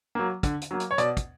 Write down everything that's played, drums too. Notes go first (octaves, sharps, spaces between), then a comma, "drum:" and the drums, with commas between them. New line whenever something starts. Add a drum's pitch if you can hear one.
F#3 A#3
D3, drum: kick, hi-hat
drum: hi-hat
F#3 A#3
drum: hi-hat
C#5
B2 D5, drum: hi-hat
drum: kick, hi-hat